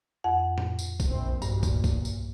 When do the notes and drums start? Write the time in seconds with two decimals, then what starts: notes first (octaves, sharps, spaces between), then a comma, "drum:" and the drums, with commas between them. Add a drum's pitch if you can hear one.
0.24 F2 F#5
0.58 drum: tom A2
0.79 drum: tambourine
1.00 drum: kick, tambourine
1.11 A#1 C4
1.42 B1 G2 A#2, drum: tambourine
1.63 drum: kick, tambourine
1.84 drum: kick, tambourine
2.05 drum: tambourine